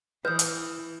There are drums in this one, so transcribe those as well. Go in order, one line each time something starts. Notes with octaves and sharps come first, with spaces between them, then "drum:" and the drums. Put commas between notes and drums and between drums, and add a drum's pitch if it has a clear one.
E3 B4 D#6 G6
drum: hi-hat